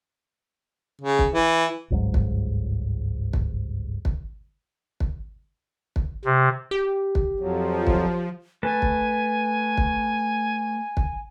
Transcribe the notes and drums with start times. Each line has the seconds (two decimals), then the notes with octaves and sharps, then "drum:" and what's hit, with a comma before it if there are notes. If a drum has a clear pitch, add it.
1.01 C#3
1.19 drum: kick
1.32 E3
1.90 G1 C#2 G#2 F#3
2.14 drum: kick
3.33 drum: kick
4.05 drum: kick
5.00 drum: kick
5.96 drum: kick
6.25 C3
6.71 G4
7.15 drum: kick
7.40 F2 F3 F#3
7.87 drum: kick
8.63 A3 B4 G#5 A5
8.82 drum: kick
9.77 drum: kick
10.97 drum: kick